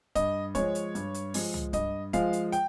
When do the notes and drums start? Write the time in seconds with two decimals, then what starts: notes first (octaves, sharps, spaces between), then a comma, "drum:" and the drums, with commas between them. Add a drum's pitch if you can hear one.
0.15 G2 D#5, drum: kick, hi-hat
0.55 F3 G#3 C#5, drum: kick, hi-hat
0.75 drum: hi-hat
0.95 G2, drum: hi-hat
1.14 drum: hi-hat
1.34 F3 G#3, drum: open hi-hat
1.54 drum: tom
1.73 G2 D#5, drum: kick, hi-hat
2.13 F3 G#3 F5, drum: kick, hi-hat
2.33 drum: hi-hat
2.52 G5, drum: hi-hat